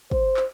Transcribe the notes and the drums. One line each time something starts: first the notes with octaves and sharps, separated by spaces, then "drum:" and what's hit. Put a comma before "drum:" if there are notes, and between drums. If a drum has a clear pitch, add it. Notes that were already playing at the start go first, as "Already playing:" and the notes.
C5, drum: kick
drum: clap